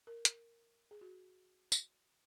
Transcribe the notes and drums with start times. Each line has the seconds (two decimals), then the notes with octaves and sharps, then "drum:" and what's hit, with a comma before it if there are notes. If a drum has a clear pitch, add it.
0.07 A#4
0.25 drum: hi-hat
0.91 G#4
1.01 F#4
1.72 drum: tambourine